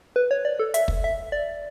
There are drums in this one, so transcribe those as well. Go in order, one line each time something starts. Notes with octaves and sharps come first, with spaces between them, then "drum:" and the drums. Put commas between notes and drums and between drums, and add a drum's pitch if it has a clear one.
B4
C#5
D5
A4
E5, drum: hi-hat
drum: kick
E5
D5